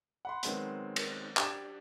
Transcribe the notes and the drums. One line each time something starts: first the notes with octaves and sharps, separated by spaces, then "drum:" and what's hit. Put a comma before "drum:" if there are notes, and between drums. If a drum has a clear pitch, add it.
F#5 B5 C6
D#3 F#3 G#3 B3 C4, drum: hi-hat
drum: cymbal
D4 G4 G5 G#6 A6 E7, drum: clap